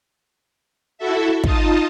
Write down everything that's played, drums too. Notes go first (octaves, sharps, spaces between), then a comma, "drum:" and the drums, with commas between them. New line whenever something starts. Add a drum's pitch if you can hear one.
E4 F#4 A4 E5
D#4 F4 D#5 A5, drum: kick